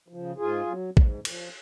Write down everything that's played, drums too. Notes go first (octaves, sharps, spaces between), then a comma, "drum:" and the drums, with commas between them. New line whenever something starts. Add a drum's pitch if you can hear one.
F3
C#3
G#2 F4 G#4
F#3
G#2, drum: kick A1
F3, drum: cymbal